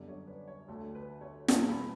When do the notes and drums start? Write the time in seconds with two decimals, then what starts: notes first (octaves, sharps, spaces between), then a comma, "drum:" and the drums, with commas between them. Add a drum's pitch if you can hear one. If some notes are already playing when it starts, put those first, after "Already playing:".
Already playing: F#2 D3 G3 B3 D5
0.09 C#5
0.27 B4
0.47 C#5
0.68 D2 D3 A3 A4
0.95 B4
1.21 C#5
1.48 E2 B2 G3 B3 A5, drum: snare
1.68 B5